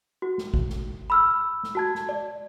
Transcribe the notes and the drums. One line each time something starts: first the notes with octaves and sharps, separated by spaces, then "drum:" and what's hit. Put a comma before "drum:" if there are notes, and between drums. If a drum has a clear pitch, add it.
F#4
drum: snare
drum: kick G1
drum: snare
B5 E6 F6
drum: snare
F#4 A5 G#6
drum: snare
D5